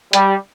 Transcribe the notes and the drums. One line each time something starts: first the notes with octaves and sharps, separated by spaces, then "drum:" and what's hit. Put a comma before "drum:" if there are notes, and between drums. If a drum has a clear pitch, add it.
G3, drum: hi-hat